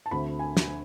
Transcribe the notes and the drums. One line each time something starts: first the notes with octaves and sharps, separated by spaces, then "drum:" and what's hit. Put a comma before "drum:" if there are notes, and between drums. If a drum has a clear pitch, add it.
A5
D2 D3 A3 C4 B5
G#5
drum: snare